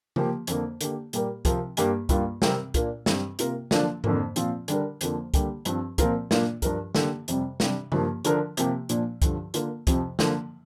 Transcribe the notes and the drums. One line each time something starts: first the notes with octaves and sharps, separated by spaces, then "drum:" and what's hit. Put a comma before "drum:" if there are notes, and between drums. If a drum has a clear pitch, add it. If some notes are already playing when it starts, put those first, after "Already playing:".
F3 A#3 G4, drum: tom C#3
F2 D3 A#3, drum: hi-hat
D3 A#3 G4, drum: hi-hat
A#2 G3 A#3 G4 A#4, drum: hi-hat
C3 F3 C4 F4 A#4, drum: kick, hi-hat
G2 G3 A#3 G4, drum: hi-hat
G2 G3 A#3 F4, drum: kick, hi-hat
C3 G3 C4 G4 A#4, drum: snare
A#2 A#3 D4 F4 A#4, drum: kick, hi-hat
G2 G3 C4, drum: snare
C3 A#3 F4 A#4, drum: hi-hat
D3 F3 A#3 D4 F4, drum: snare
F2 D3 F3 A#3, drum: tom G#2
A#2 F3 C4 F4, drum: hi-hat
D3 G3 D4 A#4, drum: hi-hat
F2 D3 F3 A#3, drum: hi-hat
D3 G3 A#3 G4, drum: kick, hi-hat
G2 F3 C4, drum: hi-hat
A#2 F3 C4 F4 A#4, drum: kick, hi-hat
A#2 A#3 D4 F4, drum: snare
G2 F3 D4 A#4, drum: kick, hi-hat
D3 A#3 G4, drum: snare
F2 C3 G3, drum: hi-hat
C3 G3 D4, drum: snare
G2 F3 A#3, drum: tom C#3
D3 F3 D4 A#4, drum: hi-hat
C3 F3 A#3 G4, drum: hi-hat
A#2 F3 D4, drum: hi-hat
G2 D3 F3, drum: kick, hi-hat
D3 A#3 F4 A#4, drum: hi-hat
F2 C3 F3, drum: kick, hi-hat
D3 F3 A#3, drum: snare